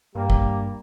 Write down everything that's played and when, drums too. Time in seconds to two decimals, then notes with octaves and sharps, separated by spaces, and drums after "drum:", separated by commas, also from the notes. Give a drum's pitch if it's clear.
0.15 G2 G3 A#3
0.30 drum: kick